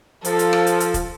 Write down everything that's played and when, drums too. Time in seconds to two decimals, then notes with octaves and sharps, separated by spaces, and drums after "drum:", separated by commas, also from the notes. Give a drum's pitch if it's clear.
0.25 F3 A4, drum: hi-hat
0.39 drum: hi-hat
0.53 drum: rim click
0.67 drum: hi-hat
0.80 drum: hi-hat
0.94 drum: kick, hi-hat